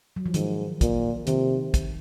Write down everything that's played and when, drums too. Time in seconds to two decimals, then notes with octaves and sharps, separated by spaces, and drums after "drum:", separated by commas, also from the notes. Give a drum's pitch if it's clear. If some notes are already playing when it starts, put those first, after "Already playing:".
0.16 F#3
0.26 F3
0.34 G#2 D#3, drum: hi-hat
0.81 A#2, drum: kick, hi-hat
1.27 C3 D#3, drum: hi-hat
1.74 drum: kick, hi-hat